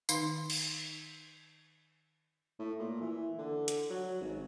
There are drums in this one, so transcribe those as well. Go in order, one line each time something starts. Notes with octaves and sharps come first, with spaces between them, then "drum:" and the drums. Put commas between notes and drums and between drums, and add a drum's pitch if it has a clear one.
D#3 D#4 F5 C6, drum: tambourine
drum: cymbal
A2
A#2
E3
D3
drum: hi-hat
F#3
G#1